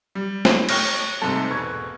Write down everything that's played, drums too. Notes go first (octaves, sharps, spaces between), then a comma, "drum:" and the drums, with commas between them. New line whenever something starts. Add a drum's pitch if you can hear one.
G3
drum: snare
C#5 G5 C#6 F6 A#6, drum: cymbal
G#2 C3 G3 A3 A4
E1 B4 C#6 G#6